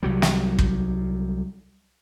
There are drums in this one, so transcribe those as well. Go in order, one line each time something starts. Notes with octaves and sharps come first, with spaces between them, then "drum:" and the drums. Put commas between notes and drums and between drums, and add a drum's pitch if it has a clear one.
C2 F#3 G3
drum: snare
drum: kick